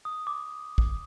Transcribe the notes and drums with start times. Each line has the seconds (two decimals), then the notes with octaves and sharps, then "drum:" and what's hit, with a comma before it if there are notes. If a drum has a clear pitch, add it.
0.05 D#6
0.27 D6
0.78 drum: kick